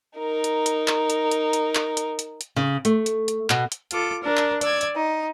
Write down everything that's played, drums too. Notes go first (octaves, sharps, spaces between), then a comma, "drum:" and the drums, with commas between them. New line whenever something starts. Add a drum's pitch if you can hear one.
D#4 A#4
drum: hi-hat
drum: hi-hat
drum: clap
drum: hi-hat
drum: hi-hat
drum: hi-hat
drum: clap
drum: hi-hat
drum: hi-hat
drum: hi-hat
C#3
A3, drum: hi-hat
drum: hi-hat
drum: hi-hat
B2, drum: clap
drum: hi-hat
F4 A4 D6, drum: hi-hat
D4 A#4
drum: clap
D5 E6 G#6, drum: hi-hat
drum: hi-hat
D#4